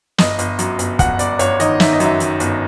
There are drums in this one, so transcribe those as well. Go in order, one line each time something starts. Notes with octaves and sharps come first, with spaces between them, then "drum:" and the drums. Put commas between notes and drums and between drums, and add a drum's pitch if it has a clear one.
G1 D#5, drum: snare
G1, drum: hi-hat
F#2, drum: hi-hat
G1, drum: hi-hat
G1 F#5, drum: kick, hi-hat
G1 D5, drum: hi-hat
G1 C#5, drum: hi-hat
D#3 D#5, drum: hi-hat
D#3 E5, drum: snare
D#5
F#2 E5, drum: hi-hat
D#3, drum: hi-hat
G1, drum: hi-hat